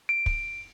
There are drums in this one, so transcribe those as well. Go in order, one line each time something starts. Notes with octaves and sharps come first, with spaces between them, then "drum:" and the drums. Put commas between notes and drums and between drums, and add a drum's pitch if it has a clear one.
D7
drum: kick